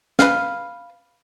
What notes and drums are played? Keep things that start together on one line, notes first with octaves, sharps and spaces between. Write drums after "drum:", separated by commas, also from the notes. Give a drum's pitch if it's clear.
B4 F5, drum: snare